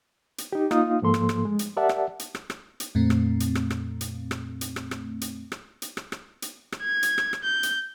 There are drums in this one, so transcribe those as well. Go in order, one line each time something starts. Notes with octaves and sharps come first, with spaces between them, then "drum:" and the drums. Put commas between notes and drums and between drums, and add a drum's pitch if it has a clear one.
drum: hi-hat
D#4 G4
A#3 D#4 F4 F5 D#6, drum: rim click
G#2 F3 A#3 A4 C6
drum: rim click
drum: rim click
G#3
drum: hi-hat
G4 A#4 D5 E5 F#5 A5
drum: rim click
drum: hi-hat
drum: rim click
drum: rim click
drum: hi-hat
F2 A#2 A3 C4
drum: rim click
drum: hi-hat
drum: rim click
drum: rim click
drum: hi-hat
drum: rim click
drum: hi-hat
drum: rim click
drum: rim click
drum: hi-hat
drum: rim click
drum: hi-hat
drum: rim click
drum: rim click
drum: hi-hat
drum: rim click
G#6
drum: hi-hat
drum: rim click
drum: rim click
G6
drum: hi-hat